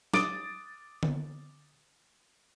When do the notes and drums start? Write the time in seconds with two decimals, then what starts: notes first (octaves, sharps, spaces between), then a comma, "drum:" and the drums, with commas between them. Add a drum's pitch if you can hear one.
0.14 D6 D#6 A6 D7, drum: snare
1.03 drum: tom D3